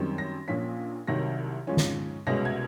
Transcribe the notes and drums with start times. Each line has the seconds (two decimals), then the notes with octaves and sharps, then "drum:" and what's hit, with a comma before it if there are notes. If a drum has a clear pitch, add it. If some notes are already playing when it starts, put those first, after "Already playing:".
Already playing: F#2 D#3 G3 C4
0.18 A#6
0.48 A#1 A#2 F3 A#3 C#4 B6
1.07 C2 C3 D#3 F#3 A#6
1.67 G#2 F3 G#3 C#4
1.77 drum: snare
2.27 C2 B2 G#3 C#4 A#6
2.45 G#6